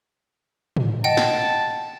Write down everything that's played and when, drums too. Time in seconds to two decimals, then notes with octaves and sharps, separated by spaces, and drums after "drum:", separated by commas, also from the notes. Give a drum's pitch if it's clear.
0.77 drum: tom
1.04 D#5 F#5 G5 A5
1.17 drum: snare